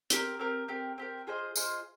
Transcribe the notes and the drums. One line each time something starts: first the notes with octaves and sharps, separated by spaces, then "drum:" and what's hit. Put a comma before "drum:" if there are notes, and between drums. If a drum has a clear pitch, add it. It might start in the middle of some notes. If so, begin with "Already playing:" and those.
C4 G4 A#4, drum: hi-hat
C4 G4 A#4
C4 G4 A#4
C4 G4 A#4
F4 G#4 C5 D#5
F4 G#4 C5 D#5, drum: tambourine